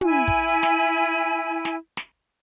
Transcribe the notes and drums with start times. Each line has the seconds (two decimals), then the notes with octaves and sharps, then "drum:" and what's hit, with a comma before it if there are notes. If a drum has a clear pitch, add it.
0.01 E4 G#5, drum: tom
0.28 drum: kick
0.63 drum: snare
1.65 drum: snare
1.97 drum: snare